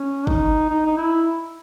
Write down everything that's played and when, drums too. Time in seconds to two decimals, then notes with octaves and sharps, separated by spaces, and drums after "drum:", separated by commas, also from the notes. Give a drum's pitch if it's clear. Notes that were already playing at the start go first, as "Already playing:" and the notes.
Already playing: C#4
0.27 D#4, drum: kick
0.69 D#4
0.86 D#4
0.97 E4